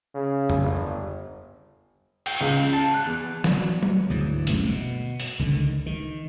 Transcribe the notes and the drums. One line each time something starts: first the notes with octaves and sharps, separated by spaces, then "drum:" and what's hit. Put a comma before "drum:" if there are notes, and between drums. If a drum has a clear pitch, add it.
C#3
drum: tom F2
G1
G5, drum: cymbal
C#2
C#3
A5
F#6
E2
F#3, drum: snare
drum: tom F#3
D2 G#2 E3
G1 F#2 C3 A3, drum: hi-hat
B2
drum: open hi-hat
C#2 D3 D#3
D#3